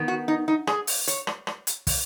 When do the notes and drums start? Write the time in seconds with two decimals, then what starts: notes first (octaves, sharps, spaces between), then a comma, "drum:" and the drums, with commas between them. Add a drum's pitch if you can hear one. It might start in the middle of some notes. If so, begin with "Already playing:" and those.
Already playing: D#3 B3
0.08 F#4
0.28 D#4
0.48 D#4
0.67 G#4, drum: rim click
0.87 drum: open hi-hat
1.07 C#5, drum: hi-hat
1.27 drum: rim click
1.47 drum: rim click
1.67 drum: hi-hat
1.87 drum: kick, open hi-hat